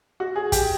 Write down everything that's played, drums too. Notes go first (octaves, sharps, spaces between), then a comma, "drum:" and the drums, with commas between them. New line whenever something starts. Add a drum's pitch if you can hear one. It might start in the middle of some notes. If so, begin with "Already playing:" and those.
F#4
G#4
G4, drum: kick, hi-hat